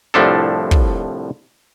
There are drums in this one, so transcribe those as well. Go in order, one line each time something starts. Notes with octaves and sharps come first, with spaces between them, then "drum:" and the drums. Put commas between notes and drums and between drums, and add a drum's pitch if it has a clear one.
C2 A2 F3 D4 A4
drum: kick